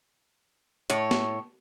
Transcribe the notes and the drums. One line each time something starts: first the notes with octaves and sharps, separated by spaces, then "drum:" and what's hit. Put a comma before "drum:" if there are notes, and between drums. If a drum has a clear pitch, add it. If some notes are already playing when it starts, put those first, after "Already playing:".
A2 C#5, drum: hi-hat
drum: snare